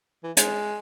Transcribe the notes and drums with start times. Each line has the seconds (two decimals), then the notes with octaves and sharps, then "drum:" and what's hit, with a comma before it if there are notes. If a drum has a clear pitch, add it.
0.24 E3
0.37 G#3, drum: hi-hat